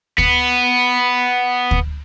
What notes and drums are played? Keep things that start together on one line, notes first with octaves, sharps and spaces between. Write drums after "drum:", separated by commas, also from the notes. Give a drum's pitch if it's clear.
B3, drum: kick D2
drum: kick D2